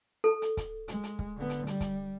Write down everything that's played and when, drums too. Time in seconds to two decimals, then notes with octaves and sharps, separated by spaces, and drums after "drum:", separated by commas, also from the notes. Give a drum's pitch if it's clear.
0.24 A4
0.42 drum: hi-hat
0.57 drum: kick, hi-hat
0.88 G#3, drum: hi-hat
1.03 drum: hi-hat
1.19 drum: kick
1.37 D3 B3
1.50 drum: hi-hat
1.67 G3, drum: hi-hat
1.80 drum: kick, hi-hat